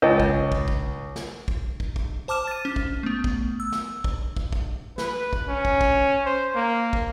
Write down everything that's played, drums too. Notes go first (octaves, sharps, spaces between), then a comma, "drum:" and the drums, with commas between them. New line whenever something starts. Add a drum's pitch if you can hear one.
C#2 C#5 D#5 G#5
drum: kick
drum: kick
drum: kick
drum: snare
drum: kick
drum: kick
drum: kick
C5 A5 D6 F6 E7
A6 D#7
C#4
drum: kick
A3 B3
drum: kick
E6
drum: snare
drum: kick
drum: kick
drum: kick
B4, drum: snare
drum: kick
C#4
drum: kick
drum: kick
C5
A#3
drum: kick